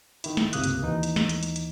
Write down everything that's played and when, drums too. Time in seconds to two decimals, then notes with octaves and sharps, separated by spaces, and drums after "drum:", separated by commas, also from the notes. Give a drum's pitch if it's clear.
0.24 D#3 E4, drum: hi-hat
0.37 drum: snare
0.53 G1 C#2 C3 A#3 D#6 F#6, drum: hi-hat
0.64 drum: hi-hat
0.82 D#2 E3 D#4
1.03 drum: hi-hat
1.16 drum: snare
1.29 drum: hi-hat
1.43 drum: hi-hat
1.56 drum: hi-hat